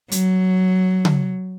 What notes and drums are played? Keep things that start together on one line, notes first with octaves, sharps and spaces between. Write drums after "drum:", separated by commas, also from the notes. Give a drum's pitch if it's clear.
F#3, drum: hi-hat
drum: tom C#3